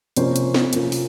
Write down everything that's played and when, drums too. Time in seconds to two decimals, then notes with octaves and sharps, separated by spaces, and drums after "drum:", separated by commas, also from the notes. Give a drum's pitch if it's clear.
0.16 C3 F3 A#3 C#4 F4 C5, drum: hi-hat
0.36 drum: hi-hat
0.54 drum: snare
0.73 C3 F3 A#3 C#4 F4, drum: hi-hat
0.92 drum: open hi-hat